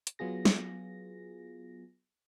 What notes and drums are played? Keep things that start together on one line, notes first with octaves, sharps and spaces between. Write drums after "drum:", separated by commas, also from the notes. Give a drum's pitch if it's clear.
drum: hi-hat
F#3 B3 F4 G#4 A#6
drum: snare